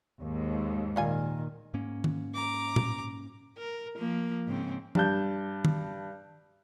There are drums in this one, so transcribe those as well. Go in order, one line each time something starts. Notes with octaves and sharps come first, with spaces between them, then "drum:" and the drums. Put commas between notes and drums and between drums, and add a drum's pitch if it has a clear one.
D#2 G#2
A#2 D#3 G3 F4 G#5
G#2 A#3 C#4
drum: tom D#3
A#5 D6
drum: tom A#2
A#4
F3 A#3
G#2 C#3 C4
G2 A5 G6, drum: tom
drum: tom D#3